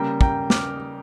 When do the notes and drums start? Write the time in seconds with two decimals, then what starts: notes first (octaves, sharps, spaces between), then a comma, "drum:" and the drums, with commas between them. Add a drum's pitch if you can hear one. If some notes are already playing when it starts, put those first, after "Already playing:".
Already playing: C#3 G3 A#3 G5 A#5
0.21 G5 A#5, drum: kick
0.50 D6 F6, drum: snare